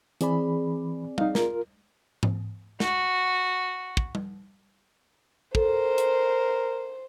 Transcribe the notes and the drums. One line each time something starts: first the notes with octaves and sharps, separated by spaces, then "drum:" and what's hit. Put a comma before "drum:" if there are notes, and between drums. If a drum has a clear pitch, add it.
E3 C4 G#4 D5 B5, drum: hi-hat
D#4 F5, drum: tom G3
F4 A#4, drum: snare
drum: tom G#2
F#4, drum: snare
drum: kick
drum: tom G3
A4 A#4 C5, drum: kick
drum: hi-hat